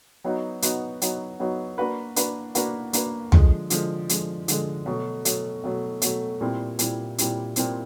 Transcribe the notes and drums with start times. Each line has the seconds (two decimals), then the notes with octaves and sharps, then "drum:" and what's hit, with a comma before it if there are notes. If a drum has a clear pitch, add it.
0.24 F#3 B3 D#4 F#4
0.62 F#3 B3 D#4 F#4, drum: hi-hat
1.02 F#3 B3 D#4 F#4, drum: hi-hat
1.40 F#3 B3 D#4 F#4
1.78 A#3 D4 F#4 B4
2.16 A#3 D4 F#4 B4, drum: hi-hat
2.55 A#3 D4 F#4 B4, drum: hi-hat
2.93 A#3 D4 F#4 B4, drum: hi-hat
3.32 D3 F3 G#3, drum: tom
3.70 D3 F3 G#3, drum: hi-hat
4.09 D3 F3 G#3, drum: hi-hat
4.48 D3 F3 G#3, drum: hi-hat
4.86 B2 F#3 A3
5.25 B2 F#3 A3, drum: hi-hat
5.64 B2 F#3 A3
6.02 B2 F#3 A3, drum: hi-hat
6.41 A#2 G3 C4 E4
6.79 A#2 G3 C4 E4, drum: hi-hat
7.18 A#2 G3 C4 E4, drum: hi-hat
7.56 A#2 G3 C4 E4, drum: hi-hat